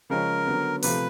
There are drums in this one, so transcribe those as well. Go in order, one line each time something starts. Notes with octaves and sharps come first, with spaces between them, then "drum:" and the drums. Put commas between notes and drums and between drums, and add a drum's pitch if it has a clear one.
C#3 F3 G#3 C#4 A#4
D3 F#3 B3
C3 F3 A3 B4, drum: open hi-hat